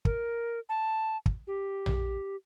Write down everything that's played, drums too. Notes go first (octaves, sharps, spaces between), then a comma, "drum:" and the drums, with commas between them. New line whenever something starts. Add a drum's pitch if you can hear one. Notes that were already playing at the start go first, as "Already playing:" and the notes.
A#4, drum: kick
A5
drum: kick
G4
drum: tom A#1